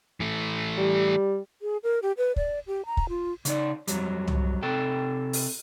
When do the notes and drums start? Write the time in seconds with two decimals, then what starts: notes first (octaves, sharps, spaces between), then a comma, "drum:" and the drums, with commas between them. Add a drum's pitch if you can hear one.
0.20 E3 A3
0.78 G3
1.62 G#4
1.83 A#4
2.02 G4
2.17 B4
2.36 D5, drum: kick
2.67 G4
2.86 A#5
2.97 drum: kick
3.09 F4
3.45 C#3 D#4 D5, drum: hi-hat
3.87 F2 F#3 G3, drum: hi-hat
4.28 drum: tom
4.63 C3 A4 G5
5.33 drum: open hi-hat